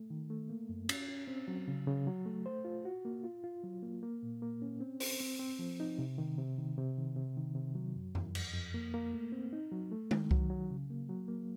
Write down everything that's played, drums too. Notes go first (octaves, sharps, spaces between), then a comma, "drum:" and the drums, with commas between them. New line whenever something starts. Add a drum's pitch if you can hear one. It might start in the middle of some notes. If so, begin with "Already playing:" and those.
Already playing: A3
D#3
A3
A#3
F#2
C#4, drum: cymbal
C#4
C4
F#3
C#3
C#3
F#3
A3
C5
F4
F#4
A#3
F4
F4
F#3
A#3
A#3
A#2
A#3
C#4
C4
C5, drum: open hi-hat
C4
C4
F3
D#4
C3
D#3
C3
D#3
C3
D#3
C3
D#3
C3
F#3
F#2
F#2, drum: tom F2
F2, drum: cymbal
F2
A#3
A#3
A3
C4
D#4
F#3
A3
D#3, drum: tom G#3
F#3, drum: kick C2
F#3
C#3
A#3
F#3
A#3